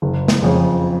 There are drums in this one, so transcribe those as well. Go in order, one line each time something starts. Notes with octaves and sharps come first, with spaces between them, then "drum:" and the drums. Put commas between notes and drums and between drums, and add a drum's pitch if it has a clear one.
F#1
drum: snare
F2 C#3